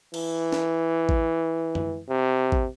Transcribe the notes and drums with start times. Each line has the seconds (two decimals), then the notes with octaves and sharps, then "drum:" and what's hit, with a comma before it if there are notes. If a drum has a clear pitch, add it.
0.14 E3, drum: cymbal
0.52 drum: snare
1.09 drum: kick A1
1.75 drum: tom F#2
2.09 C3
2.52 drum: kick A1